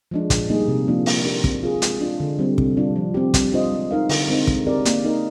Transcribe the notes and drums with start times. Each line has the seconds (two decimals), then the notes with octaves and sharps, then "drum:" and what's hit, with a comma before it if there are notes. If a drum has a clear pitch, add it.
0.11 F3 G#3 D4
0.30 A#2, drum: kick, hi-hat
0.50 G3 A#3 D#4 G#4
0.68 C3
0.87 F3 A#3 D4 F4
1.06 A#3, drum: open hi-hat
1.25 D4 G4 A#4
1.44 C4, drum: kick
1.63 F4 G#4
1.82 G#3, drum: hi-hat
2.01 D4 F4
2.20 D3
2.39 G3 C4
2.58 C3, drum: kick
2.77 G3 D4 F4
2.96 F3
3.14 C4 G4
3.34 G3, drum: kick, hi-hat
3.53 D4 F4 C5 D#5
3.72 G#3
3.91 D#4 A#4 F5
4.09 D3, drum: open hi-hat
4.28 G#3 C4 D#4 A#4
4.47 G#3, drum: kick
4.66 C4 G4 A#4 D5
4.85 A#3, drum: hi-hat
5.05 D#4 A#4 D#5